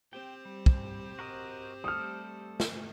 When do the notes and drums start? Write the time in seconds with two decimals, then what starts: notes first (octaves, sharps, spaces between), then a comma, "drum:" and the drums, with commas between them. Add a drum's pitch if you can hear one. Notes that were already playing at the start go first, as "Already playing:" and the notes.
0.13 C4 G4 C5 G5
0.45 G3
0.66 drum: kick
1.19 F#4 A#4 D#5
1.84 G3 A3 A4 D#6 F6
2.60 drum: snare